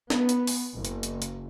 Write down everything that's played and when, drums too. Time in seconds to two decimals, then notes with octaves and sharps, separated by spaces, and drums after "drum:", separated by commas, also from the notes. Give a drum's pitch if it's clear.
0.10 B3, drum: snare
0.29 drum: hi-hat
0.47 drum: open hi-hat
0.74 F#1
0.85 drum: hi-hat
1.03 drum: hi-hat
1.22 drum: hi-hat